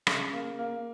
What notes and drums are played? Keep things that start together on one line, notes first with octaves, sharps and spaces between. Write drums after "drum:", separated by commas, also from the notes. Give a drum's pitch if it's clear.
C#3, drum: rim click
A#3
A#3